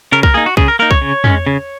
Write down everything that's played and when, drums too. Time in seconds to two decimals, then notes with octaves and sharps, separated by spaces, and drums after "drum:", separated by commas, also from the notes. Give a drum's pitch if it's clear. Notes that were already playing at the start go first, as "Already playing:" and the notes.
0.12 C#3 A#4
0.23 A#4, drum: kick C2
0.34 A#3 D#4 G#4
0.46 F#4
0.57 C#3 G#4, drum: kick C2
0.68 A#4
0.79 A#3 D#4 A#4
0.91 C#5, drum: kick C2
1.02 C#3
1.24 G#3 C#4, drum: tom
1.46 C#3